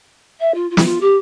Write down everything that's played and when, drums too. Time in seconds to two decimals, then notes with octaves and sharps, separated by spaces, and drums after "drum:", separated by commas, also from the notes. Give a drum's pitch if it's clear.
0.40 E5
0.54 F4
0.70 F4
0.77 E4, drum: snare
0.85 F4
1.00 G4